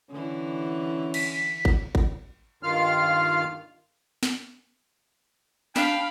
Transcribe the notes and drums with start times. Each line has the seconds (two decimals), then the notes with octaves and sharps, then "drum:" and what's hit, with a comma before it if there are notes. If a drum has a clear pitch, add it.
0.11 D3 E3 C#4
1.14 B6, drum: cymbal
1.65 drum: kick G#1
1.95 drum: kick G#1
2.63 G2 D#3 F4 F5 F6
4.23 drum: snare
5.76 D4 F5 G5 B5, drum: snare